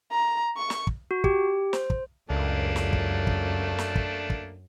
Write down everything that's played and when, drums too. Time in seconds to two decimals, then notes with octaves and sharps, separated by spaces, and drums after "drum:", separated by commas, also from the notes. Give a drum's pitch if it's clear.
0.12 A#5
0.57 C#6
0.70 drum: snare
0.87 drum: kick
1.11 F#4
1.24 G4, drum: kick
1.73 C5, drum: snare
1.90 drum: kick
2.30 C#2 F#2 A3 A#3 D4
2.76 drum: snare
2.93 drum: kick
3.27 drum: kick
3.78 drum: snare
3.96 drum: kick
4.30 drum: kick